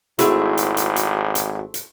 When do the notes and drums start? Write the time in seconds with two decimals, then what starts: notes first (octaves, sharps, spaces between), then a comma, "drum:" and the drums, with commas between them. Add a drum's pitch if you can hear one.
0.19 G#1 A3 C4 E4 F#4 G#4, drum: hi-hat
0.57 drum: hi-hat
0.77 drum: hi-hat
0.96 drum: hi-hat
1.35 drum: hi-hat
1.74 drum: hi-hat